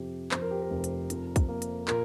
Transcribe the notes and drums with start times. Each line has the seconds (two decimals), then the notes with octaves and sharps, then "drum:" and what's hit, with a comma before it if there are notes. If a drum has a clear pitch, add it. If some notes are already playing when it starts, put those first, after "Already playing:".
Already playing: F2 C3 G4
0.31 F2 C5, drum: clap
0.42 A#4
0.51 G4
0.62 A#4
0.70 F1
0.84 drum: hi-hat
1.10 F2, drum: hi-hat
1.36 drum: kick, hi-hat
1.49 A#3
1.62 drum: hi-hat
1.88 A#2 A#4, drum: clap